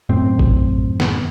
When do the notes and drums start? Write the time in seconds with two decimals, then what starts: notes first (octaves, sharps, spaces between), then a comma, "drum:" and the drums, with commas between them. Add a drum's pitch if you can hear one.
0.09 F#2 A2 C4
0.39 drum: kick
1.00 drum: snare